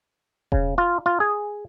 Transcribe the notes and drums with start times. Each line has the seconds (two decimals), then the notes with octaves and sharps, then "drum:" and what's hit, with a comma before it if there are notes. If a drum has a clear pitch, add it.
0.52 C#3, drum: kick E1
0.78 F4
1.06 F4
1.20 G#4